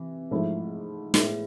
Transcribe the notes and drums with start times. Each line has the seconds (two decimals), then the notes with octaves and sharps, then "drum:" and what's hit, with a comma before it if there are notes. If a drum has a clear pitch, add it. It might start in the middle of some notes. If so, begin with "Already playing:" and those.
Already playing: C3 E3
0.31 G#2 F3 A3 E4
1.14 A2 G#3 B3 E4 G#4, drum: snare